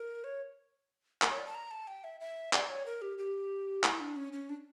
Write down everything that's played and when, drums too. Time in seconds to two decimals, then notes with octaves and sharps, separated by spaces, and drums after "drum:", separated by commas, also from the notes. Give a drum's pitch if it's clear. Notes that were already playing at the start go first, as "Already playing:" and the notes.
Already playing: A#4
0.24 C#5
1.22 A#4, drum: clap
1.30 C#5
1.38 D5
1.46 A5
1.55 A#5
1.71 A5
1.87 G5
2.04 E5
2.20 E5
2.53 D5, drum: clap
2.69 C#5
2.86 A#4
3.02 G4
3.18 G4
3.83 E4, drum: clap
4.00 D4
4.16 C#4
4.33 C#4
4.49 D4